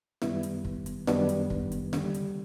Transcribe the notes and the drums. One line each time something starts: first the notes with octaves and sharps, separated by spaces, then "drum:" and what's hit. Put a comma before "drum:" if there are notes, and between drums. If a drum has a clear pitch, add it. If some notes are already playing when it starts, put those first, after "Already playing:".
F#2 D#3 G3 B3 E4, drum: snare
drum: hi-hat
drum: kick
drum: hi-hat
F#2 D#3 G3 B3 D4, drum: snare
drum: hi-hat
drum: kick
drum: hi-hat
D#2 D3 G3, drum: snare
drum: hi-hat